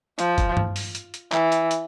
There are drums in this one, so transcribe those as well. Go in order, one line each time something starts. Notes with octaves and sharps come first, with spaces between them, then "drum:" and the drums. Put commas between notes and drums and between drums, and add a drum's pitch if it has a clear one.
F3, drum: hi-hat
drum: kick, hi-hat
drum: tom G2
drum: open hi-hat
drum: hi-hat
drum: hi-hat
E3, drum: clap
drum: hi-hat
drum: hi-hat